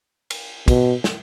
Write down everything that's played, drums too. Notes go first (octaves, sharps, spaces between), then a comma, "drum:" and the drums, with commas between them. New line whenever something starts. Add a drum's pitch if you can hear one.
drum: cymbal
B2, drum: kick, cymbal
drum: snare